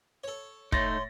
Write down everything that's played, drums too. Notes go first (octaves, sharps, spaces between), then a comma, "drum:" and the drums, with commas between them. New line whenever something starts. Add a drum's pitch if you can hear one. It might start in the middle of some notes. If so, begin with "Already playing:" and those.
A4 C#5
A2 A3 D#4 C#5 C6 A6 A#6, drum: kick